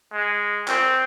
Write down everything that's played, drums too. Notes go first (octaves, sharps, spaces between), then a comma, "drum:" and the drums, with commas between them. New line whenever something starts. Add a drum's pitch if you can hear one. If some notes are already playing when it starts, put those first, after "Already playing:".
G#3
C4, drum: clap